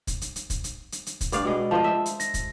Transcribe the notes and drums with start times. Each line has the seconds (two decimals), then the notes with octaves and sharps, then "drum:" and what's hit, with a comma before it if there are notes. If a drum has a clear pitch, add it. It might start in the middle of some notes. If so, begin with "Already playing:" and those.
0.07 drum: kick, hi-hat
0.21 drum: hi-hat
0.36 drum: hi-hat
0.50 drum: kick, hi-hat
0.64 drum: hi-hat
0.92 drum: hi-hat
1.06 drum: hi-hat
1.21 drum: kick, hi-hat
1.32 G2 D5 F5, drum: hi-hat
1.45 B2 G#3
1.71 F3 C5 D#5 A5
1.84 E5
2.06 drum: hi-hat
2.20 A#6, drum: hi-hat
2.34 drum: kick, hi-hat